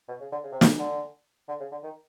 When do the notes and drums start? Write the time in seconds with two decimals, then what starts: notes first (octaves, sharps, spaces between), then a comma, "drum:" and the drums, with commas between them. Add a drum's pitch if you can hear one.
0.08 B2
0.21 C#3
0.32 D3
0.44 C#3
0.52 C3
0.61 C#3, drum: snare
0.79 D3
1.49 D3
1.60 C#3
1.72 D3
1.83 D#3